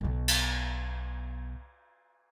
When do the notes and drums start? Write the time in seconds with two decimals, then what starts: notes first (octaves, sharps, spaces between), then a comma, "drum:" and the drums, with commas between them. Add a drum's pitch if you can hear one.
0.01 B1 B2
0.28 drum: cymbal